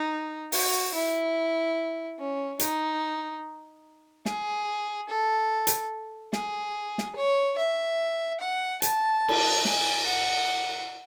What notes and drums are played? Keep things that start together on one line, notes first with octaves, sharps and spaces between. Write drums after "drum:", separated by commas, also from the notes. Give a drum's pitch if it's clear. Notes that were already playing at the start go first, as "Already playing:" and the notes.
Already playing: D#4
F#4, drum: open hi-hat
E4
C#4
D#4, drum: hi-hat
G#4, drum: snare
A4
drum: hi-hat
G#4, drum: snare
drum: snare
C#5
E5
F#5
A5, drum: hi-hat
drum: cymbal
G#5, drum: snare
F#5